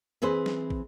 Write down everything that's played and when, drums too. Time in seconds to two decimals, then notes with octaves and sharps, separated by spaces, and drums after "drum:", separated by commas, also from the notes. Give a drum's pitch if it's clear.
0.22 E3 C4 G#4 B4 C5
0.46 drum: snare
0.70 drum: kick